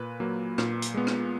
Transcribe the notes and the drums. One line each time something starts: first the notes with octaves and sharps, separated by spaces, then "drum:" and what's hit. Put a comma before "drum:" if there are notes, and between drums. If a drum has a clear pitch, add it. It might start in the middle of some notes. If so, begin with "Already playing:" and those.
Already playing: A#2 B4
F#3 A#3
A#2, drum: rim click
drum: hi-hat
G#3 B3
drum: rim click